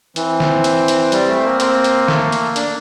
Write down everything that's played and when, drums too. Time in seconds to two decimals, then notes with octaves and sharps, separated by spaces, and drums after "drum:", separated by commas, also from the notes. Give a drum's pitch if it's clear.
0.16 E3 C4, drum: hi-hat
0.40 drum: snare
0.64 drum: hi-hat
0.88 drum: hi-hat
1.12 G3, drum: hi-hat
1.28 A3
1.44 A#3
1.60 C4, drum: hi-hat
1.84 drum: hi-hat
2.08 A3, drum: snare
2.32 drum: hi-hat
2.56 D4, drum: hi-hat